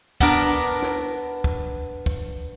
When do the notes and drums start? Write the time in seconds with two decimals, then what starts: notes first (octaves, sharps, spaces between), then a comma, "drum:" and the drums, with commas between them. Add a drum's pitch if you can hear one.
0.20 B3 D4 A#4, drum: kick
0.82 drum: snare
1.44 drum: kick
2.06 drum: kick